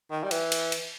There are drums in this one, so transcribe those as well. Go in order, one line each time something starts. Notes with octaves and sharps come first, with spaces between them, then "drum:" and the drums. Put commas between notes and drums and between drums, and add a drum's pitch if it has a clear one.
D#3
G3
E3, drum: cymbal
drum: cymbal
drum: cymbal